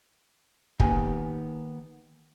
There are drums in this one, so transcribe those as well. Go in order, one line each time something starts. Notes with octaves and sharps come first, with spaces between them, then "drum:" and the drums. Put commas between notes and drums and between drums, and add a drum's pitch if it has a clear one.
D#3 A#3 B3 G4 G#5, drum: kick